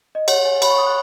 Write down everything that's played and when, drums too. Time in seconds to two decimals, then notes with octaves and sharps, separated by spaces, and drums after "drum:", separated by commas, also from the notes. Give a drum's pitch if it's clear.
0.15 D#5
0.28 C#5 F#5, drum: cymbal
0.45 C#5 G#5
0.62 C#5 B5, drum: cymbal
0.71 C#6
0.78 C#5 D#6
0.87 F#6